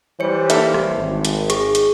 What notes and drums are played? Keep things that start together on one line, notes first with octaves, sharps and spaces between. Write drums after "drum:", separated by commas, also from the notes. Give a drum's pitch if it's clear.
E3 G3 C5 C#5 C#7
A#3 A4 E5, drum: hi-hat
drum: rim click
G#1
drum: hi-hat
G#4 C#6, drum: hi-hat
drum: hi-hat